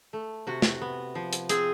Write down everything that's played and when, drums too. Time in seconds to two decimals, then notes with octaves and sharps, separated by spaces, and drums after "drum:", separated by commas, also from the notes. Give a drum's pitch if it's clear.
0.13 A3
0.47 C3 F#4
0.62 drum: snare
0.81 B3
1.15 F3
1.33 drum: hi-hat
1.49 C4 G#4, drum: hi-hat